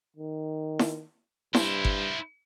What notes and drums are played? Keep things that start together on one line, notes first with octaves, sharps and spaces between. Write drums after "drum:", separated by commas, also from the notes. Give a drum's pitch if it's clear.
D#3
drum: snare E4
G2 E4 C5, drum: snare E4
drum: kick G1